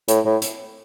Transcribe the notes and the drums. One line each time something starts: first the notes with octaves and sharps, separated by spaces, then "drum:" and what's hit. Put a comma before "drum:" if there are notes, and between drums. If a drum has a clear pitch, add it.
A2, drum: hi-hat
A2
drum: hi-hat